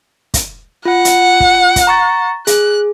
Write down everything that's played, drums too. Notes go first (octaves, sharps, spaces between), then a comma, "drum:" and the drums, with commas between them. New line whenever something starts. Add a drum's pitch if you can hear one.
drum: kick, hi-hat
F4 F#5
drum: hi-hat
drum: kick
drum: kick, hi-hat
A#5 C#6 A6
G#4 F#6, drum: hi-hat